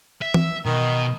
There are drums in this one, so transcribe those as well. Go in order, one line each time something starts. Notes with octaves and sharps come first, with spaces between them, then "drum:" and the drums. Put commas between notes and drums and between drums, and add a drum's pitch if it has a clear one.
E5
drum: tom E3
B2 D#3